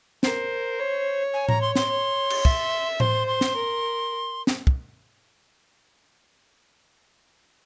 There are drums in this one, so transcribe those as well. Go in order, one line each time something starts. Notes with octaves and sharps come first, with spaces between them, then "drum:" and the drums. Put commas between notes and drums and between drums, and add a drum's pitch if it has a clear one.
A#4 C5, drum: snare
C#5
G#5
A#5, drum: tom A2
C6
C6, drum: snare
C#5
drum: cymbal
E5, drum: kick
C5 C6, drum: tom A2
C6
drum: snare
A#4
drum: snare
drum: kick